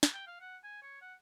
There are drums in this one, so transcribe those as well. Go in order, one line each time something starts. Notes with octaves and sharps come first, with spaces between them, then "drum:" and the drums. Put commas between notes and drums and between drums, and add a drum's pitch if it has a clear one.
drum: snare
G5
F5
F#5
G#5
C#5
F#5